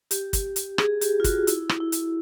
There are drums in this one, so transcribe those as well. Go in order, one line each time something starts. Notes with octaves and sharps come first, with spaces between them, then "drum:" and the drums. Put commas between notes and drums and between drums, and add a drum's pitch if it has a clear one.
G4, drum: hi-hat
drum: kick, hi-hat
drum: hi-hat
G#4, drum: rim click
G4, drum: hi-hat
F4
F#4, drum: kick, hi-hat
E4, drum: hi-hat
drum: rim click
E4
drum: hi-hat